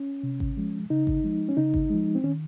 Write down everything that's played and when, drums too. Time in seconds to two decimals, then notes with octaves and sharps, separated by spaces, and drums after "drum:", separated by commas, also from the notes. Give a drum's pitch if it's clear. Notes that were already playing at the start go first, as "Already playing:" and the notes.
Already playing: C#4
0.23 C3
0.40 drum: kick G#1
0.57 F3 G#3
0.90 C#3 D#4
1.07 drum: kick G#1
1.24 F3 G#3
1.48 C#4
1.57 C#3 D#4
1.74 drum: kick G#1
1.90 F3 G#3
2.15 C4
2.24 D#3 C#4